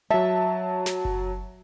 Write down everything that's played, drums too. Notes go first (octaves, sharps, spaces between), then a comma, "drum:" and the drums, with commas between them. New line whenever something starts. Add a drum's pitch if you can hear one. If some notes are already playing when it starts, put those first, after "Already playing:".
F#3 E5 A5
drum: snare
drum: kick F#1